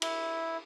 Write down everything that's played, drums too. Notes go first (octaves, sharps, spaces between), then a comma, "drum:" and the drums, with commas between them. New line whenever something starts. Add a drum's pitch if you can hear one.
E4, drum: cymbal